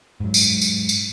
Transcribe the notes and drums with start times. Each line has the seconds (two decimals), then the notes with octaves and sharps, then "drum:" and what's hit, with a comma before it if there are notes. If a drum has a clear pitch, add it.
0.20 G#2 F#3
0.34 drum: tambourine
0.61 drum: tambourine
0.89 drum: tambourine